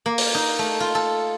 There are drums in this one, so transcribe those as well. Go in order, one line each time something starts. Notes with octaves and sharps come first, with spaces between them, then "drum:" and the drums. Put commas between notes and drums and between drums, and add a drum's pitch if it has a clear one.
A#3
drum: open hi-hat
D#4
A3
F4
A4